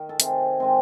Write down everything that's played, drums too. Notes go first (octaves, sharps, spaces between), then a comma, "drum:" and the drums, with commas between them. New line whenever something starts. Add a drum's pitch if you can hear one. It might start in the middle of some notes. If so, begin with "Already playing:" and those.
Already playing: D#3
A4
C3 G#4, drum: hi-hat
D#3 G#3 C4